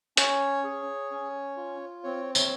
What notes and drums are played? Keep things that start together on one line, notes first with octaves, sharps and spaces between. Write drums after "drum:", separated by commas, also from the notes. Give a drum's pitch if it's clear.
C#4 C#5, drum: hi-hat
G#4
C#4
F4
C4 C#5
C#5, drum: tambourine